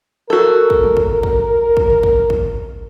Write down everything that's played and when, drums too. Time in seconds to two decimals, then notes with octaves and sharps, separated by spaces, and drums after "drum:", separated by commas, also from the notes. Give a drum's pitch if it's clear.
0.30 F#4 A4 A#4
0.70 drum: kick
0.83 drum: tom
0.97 drum: kick
1.23 drum: kick
1.77 drum: kick
1.90 drum: tom
2.03 drum: kick
2.30 drum: kick